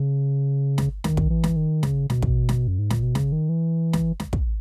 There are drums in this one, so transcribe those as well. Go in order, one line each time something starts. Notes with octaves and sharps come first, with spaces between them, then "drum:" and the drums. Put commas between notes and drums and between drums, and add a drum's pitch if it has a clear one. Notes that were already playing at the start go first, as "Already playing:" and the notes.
Already playing: C#3
drum: snare
D#3, drum: snare
drum: kick
E3
drum: snare
D#3
C#3, drum: snare
B2, drum: snare
drum: kick
drum: snare
F#2
G#2
A#2, drum: snare
B2
C#3, drum: snare
D#3
E3
drum: snare
drum: snare
drum: kick